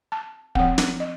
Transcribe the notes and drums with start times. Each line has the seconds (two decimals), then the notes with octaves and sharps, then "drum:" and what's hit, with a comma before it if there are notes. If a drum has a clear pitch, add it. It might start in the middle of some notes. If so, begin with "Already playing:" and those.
0.12 A5
0.55 F3 C4 F#5, drum: kick
0.78 drum: snare
1.00 D#5